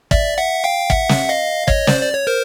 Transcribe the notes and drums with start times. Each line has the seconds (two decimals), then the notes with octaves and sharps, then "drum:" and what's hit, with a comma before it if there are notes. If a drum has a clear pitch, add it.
0.11 D5 E5, drum: kick
0.38 E5 F#5
0.64 F5 G5
0.90 E5 F#5, drum: kick
1.09 drum: snare
1.29 D#5 F5
1.68 C#5 D#5, drum: kick
1.87 C5 D5, drum: snare
2.01 D5
2.14 C#5
2.27 A#4 C5